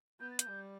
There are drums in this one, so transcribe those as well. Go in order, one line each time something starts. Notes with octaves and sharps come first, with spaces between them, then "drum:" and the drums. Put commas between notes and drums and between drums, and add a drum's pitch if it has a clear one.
B3 G6
A6
G6, drum: hi-hat
G3